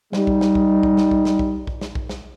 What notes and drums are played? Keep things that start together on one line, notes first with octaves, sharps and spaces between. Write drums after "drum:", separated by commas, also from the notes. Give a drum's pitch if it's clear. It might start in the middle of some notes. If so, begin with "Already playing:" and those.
G3 D#4, drum: snare
drum: kick A#1
drum: snare
drum: kick A#1
drum: kick A#1
drum: snare
drum: kick A#1
drum: snare
drum: kick A#1
drum: kick A#1
drum: snare
drum: kick A#1
drum: snare